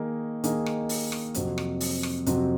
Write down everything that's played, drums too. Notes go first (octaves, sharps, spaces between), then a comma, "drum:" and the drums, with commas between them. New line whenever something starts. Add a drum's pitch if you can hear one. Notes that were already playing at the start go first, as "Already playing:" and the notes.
Already playing: D#3 A#3 D#4 G#4
D#3 A#3 D#4 G#4, drum: hi-hat
drum: rim click
drum: open hi-hat
drum: rim click
F2 C3 F#3, drum: hi-hat
drum: rim click
drum: open hi-hat
drum: rim click
F2 C3 F#3, drum: hi-hat